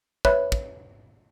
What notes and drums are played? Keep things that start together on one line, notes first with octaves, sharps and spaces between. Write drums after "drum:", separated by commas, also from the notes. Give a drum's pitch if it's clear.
B4 C#5 E5 B5 F#6, drum: kick
drum: kick